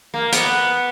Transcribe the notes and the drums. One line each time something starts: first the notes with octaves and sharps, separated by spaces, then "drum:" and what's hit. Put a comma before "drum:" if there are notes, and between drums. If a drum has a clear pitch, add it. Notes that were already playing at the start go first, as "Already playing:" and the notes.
A#3
B3, drum: hi-hat